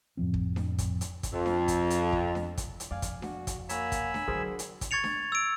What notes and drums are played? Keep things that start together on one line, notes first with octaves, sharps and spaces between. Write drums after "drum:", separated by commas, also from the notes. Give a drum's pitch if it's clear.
F2 A2 F3 C4
drum: kick
drum: snare D4
drum: kick, hi-hat
drum: hi-hat
drum: kick, hi-hat
F2
drum: snare D4
drum: kick, hi-hat
drum: hi-hat
drum: kick
drum: snare D4
drum: kick, hi-hat
drum: hi-hat
F2 D5 F5 G#5
drum: kick, hi-hat
F#4, drum: snare D4
drum: kick, hi-hat
A#3 C#5 F#5 G#5 A#5 B5 E6, drum: hi-hat
drum: kick, hi-hat
drum: snare D4
D3 F#3 D4 F#4 G#4 A#4 C5
drum: hi-hat
drum: kick, hi-hat
C#6 G#6 A6 C#7 F7
drum: snare D4
E6 D7